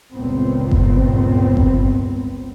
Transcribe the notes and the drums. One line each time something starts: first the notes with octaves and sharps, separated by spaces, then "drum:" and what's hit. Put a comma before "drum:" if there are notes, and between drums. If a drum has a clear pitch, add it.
G1 C#2 A#2 B3 C4
drum: kick G1
drum: kick G1